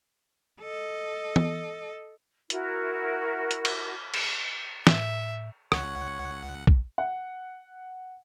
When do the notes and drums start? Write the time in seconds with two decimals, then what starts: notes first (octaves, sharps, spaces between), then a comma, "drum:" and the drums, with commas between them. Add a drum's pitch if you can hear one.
0.61 A4 D#5
1.36 drum: tom E3
2.50 E4 F#4 A#4, drum: hi-hat
3.51 drum: hi-hat
3.65 drum: cymbal
4.14 drum: cymbal
4.87 A2 E5, drum: snare
5.72 C#2 C#5 F#5, drum: rim click
6.67 drum: kick
6.98 F#5